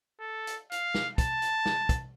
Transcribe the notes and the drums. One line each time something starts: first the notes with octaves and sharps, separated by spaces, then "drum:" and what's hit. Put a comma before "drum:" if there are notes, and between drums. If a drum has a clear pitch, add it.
A4
drum: hi-hat
F5, drum: hi-hat
drum: snare
A5, drum: kick, hi-hat
drum: hi-hat
drum: snare
drum: kick, hi-hat